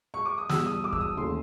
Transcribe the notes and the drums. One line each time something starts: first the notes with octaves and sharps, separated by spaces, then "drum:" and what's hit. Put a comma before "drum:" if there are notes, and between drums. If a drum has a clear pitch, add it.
C#6
D6
D#6
E2 B2 G3 E6, drum: snare
D#6
D6
E6, drum: kick
D#6
D#2 C#3 E3 A3 C6